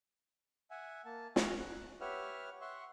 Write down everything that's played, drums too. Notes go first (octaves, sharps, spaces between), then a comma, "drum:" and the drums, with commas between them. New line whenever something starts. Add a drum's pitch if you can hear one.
E5 F#5 G#5
A#3 A5
E4 F#4 F5 G#5 A#5, drum: snare
F#6
G4 B4 C#5 E5 F#5 F6
E5 F#5 C6 C#6